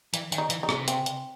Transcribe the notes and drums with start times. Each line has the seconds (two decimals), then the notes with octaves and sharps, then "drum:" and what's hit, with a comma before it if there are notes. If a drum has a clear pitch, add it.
0.14 E3, drum: hi-hat
0.32 D#3, drum: hi-hat
0.38 D#4
0.50 E3, drum: hi-hat
0.63 D#4
0.69 C3, drum: rim click
0.88 C4, drum: hi-hat
1.06 drum: hi-hat